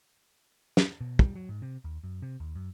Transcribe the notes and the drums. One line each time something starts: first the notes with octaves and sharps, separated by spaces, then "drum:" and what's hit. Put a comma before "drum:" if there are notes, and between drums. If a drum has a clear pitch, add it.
drum: snare
B2
G3, drum: kick
F#3
G#2
C3
D#2
F#2
C3
D#2
F#2